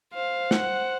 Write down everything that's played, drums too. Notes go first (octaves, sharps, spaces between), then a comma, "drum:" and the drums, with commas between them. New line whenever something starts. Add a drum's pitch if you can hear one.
C5 F5
F#5, drum: snare